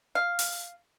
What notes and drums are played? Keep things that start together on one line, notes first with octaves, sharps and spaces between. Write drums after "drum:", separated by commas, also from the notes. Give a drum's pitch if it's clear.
F5
drum: open hi-hat